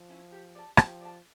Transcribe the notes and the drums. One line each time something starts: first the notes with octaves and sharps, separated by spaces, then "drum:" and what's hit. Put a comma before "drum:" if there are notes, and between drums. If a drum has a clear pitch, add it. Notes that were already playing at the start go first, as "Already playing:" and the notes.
Already playing: F3
C#4 E4
G4
D5 A5
F3 G4, drum: rim click
D5 A5